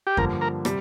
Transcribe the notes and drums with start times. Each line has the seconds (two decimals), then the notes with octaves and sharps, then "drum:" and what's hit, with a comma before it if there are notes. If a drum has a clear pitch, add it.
0.07 G4
0.17 G2 D3 F3 A#3 A#4, drum: kick F2
0.41 A#4
0.65 C3 G3, drum: rim click